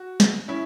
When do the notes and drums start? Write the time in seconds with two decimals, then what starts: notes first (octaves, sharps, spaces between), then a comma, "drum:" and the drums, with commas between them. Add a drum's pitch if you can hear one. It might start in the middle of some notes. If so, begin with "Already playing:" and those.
Already playing: F#4
0.20 drum: snare
0.48 C#4 E4